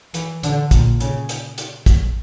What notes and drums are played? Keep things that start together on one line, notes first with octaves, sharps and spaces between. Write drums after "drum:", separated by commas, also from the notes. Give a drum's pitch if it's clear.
E3, drum: hi-hat
D3, drum: hi-hat
A#2, drum: kick, hi-hat
C#3, drum: hi-hat
drum: hi-hat
drum: hi-hat
drum: kick, hi-hat